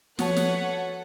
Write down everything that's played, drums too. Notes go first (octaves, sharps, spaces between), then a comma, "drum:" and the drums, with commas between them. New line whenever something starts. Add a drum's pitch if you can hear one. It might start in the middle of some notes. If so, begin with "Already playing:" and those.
F3 F#4 A4 B4 C#5 F#5 A5, drum: snare
drum: snare